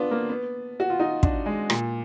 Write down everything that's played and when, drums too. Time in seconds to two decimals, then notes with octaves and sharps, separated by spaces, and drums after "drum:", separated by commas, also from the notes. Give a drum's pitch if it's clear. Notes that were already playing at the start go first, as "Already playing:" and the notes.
Already playing: B3 D4 F4
0.11 A#3
0.29 B3
0.80 F#4
0.90 F4
1.00 D#4
1.23 D4, drum: kick
1.46 G#3
1.70 A#2, drum: rim click